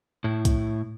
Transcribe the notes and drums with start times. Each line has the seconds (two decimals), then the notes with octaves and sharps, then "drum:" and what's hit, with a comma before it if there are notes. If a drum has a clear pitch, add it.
0.24 A2 E4
0.45 drum: kick B1, hi-hat